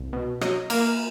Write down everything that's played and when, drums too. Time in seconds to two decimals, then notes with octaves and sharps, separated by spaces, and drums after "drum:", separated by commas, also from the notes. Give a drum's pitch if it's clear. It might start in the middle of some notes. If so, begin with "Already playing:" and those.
Already playing: C2
0.13 B2
0.41 F#3 D#5, drum: rim click
0.70 A#3 A#4, drum: cymbal